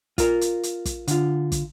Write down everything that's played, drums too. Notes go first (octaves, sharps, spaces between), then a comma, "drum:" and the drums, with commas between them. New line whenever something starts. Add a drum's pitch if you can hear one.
F4 A#4, drum: kick, hi-hat
drum: hi-hat
drum: hi-hat
drum: kick, hi-hat
D3 F4, drum: hi-hat
drum: kick, hi-hat